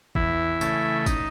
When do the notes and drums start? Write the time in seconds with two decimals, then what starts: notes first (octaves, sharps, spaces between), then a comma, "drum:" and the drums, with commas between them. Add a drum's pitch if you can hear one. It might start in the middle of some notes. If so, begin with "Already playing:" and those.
0.15 E2 E4, drum: kick
0.61 C#3 E3 A3, drum: tambourine
1.06 D#4, drum: kick, tambourine